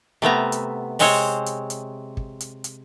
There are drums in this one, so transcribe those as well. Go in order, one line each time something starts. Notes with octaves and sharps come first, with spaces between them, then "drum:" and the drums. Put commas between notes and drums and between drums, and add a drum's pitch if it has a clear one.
C3 A3 B3 A#5
drum: hi-hat
C3 G#3 C4 C5 C#5, drum: open hi-hat
drum: hi-hat
drum: hi-hat
drum: kick
drum: hi-hat
drum: hi-hat